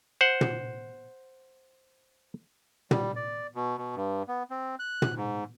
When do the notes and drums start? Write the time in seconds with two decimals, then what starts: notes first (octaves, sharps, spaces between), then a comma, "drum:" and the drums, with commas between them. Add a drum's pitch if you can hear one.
0.21 C5 F#5
0.41 drum: tom
2.91 G3, drum: tom
3.16 D5
3.55 B2
3.78 B2
3.96 G2
4.28 B3
4.51 C4
4.79 F#6
5.02 drum: tom
5.16 G#2